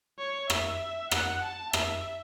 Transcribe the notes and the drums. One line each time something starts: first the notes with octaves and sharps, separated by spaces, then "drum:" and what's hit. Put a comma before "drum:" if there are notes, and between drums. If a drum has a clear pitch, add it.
C#5
E5, drum: rim click
F#5, drum: rim click
A5
E5, drum: rim click